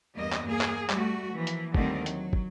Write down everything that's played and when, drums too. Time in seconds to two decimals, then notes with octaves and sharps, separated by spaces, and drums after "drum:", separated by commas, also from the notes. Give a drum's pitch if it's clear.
0.16 E2 G2 A#3 D#5
0.33 drum: clap
0.47 A#3 G#4
0.61 drum: clap
0.90 G3 A3 F#4, drum: clap
1.34 E3 F3 A#3
1.47 drum: hi-hat
1.75 D#2 D3 D#3 G3 A3 C4, drum: kick
2.06 F#3, drum: hi-hat
2.33 drum: kick